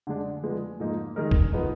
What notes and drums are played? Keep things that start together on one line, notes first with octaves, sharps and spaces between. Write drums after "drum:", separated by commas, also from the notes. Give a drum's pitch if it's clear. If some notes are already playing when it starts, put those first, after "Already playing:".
D3 G#3 D4
F3 G#3 B3
G#2 F3 A#3 D#4
D#3 G#3 D#4 A#4
drum: kick F#1
F3 B3 D#4